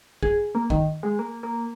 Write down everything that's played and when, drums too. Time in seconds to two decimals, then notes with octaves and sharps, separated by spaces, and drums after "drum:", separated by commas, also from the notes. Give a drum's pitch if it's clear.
0.23 G#4, drum: kick
0.55 A#3
0.70 D#3, drum: kick
1.03 G#3
1.19 A#3
1.43 A#3